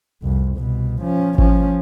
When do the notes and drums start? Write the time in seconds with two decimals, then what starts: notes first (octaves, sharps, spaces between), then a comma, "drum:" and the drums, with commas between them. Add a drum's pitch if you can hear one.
0.21 C2 F2
0.55 C2 B2
1.01 F3 C#4
1.38 F3 C#4, drum: kick G#1